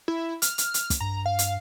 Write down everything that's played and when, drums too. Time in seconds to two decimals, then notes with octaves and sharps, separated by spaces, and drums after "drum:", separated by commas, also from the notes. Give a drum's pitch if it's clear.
0.08 E4
0.42 F6, drum: hi-hat
0.58 drum: hi-hat
0.74 drum: hi-hat
0.90 drum: kick, hi-hat
1.00 G2 A#5
1.26 F5
1.39 drum: hi-hat